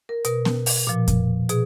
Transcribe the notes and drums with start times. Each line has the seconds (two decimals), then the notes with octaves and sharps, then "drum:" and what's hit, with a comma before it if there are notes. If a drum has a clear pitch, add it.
0.09 A#4
0.25 B2 A#4, drum: hi-hat
0.45 drum: snare B3
0.66 drum: open hi-hat
0.87 A#2 F3
1.08 drum: kick F2, hi-hat
1.49 B2 G#4, drum: hi-hat